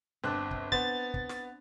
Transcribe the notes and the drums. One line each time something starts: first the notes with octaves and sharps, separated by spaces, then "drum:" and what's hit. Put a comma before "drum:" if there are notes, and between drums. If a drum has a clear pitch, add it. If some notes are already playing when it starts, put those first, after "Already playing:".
G1 C4 D4 D5 F#6
drum: kick
B3 C5 A6, drum: kick
drum: kick
drum: snare